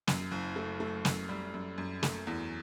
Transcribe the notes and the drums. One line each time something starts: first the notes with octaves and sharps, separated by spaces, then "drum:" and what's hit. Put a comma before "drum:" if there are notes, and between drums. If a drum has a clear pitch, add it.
F#2, drum: snare
F#1
A3
A3
F#2, drum: snare
G3
F#2
F#2
A3, drum: snare
E2